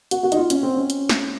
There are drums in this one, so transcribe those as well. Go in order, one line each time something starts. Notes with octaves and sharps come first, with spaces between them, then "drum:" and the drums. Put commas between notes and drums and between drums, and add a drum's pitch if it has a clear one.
F#4, drum: hi-hat
F#4
D#4, drum: hi-hat
F4
C#4, drum: hi-hat
C4
C#4
drum: hi-hat
drum: snare